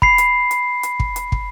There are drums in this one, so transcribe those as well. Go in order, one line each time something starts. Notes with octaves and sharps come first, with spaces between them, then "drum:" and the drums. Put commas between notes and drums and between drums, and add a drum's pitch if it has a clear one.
B5 C7, drum: kick
drum: hi-hat
drum: hi-hat
drum: hi-hat
drum: kick
drum: hi-hat
drum: kick